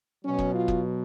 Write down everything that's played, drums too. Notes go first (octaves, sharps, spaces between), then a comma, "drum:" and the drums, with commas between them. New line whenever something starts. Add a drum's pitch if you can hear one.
B2 F#3 C#4
drum: kick
F4
drum: kick